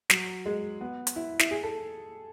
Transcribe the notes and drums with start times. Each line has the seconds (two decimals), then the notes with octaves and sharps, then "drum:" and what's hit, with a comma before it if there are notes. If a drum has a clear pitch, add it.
0.10 F#3, drum: snare
0.45 G#3
0.81 B3
1.07 drum: hi-hat
1.16 E4
1.39 E4, drum: snare
1.51 G#4
1.63 A4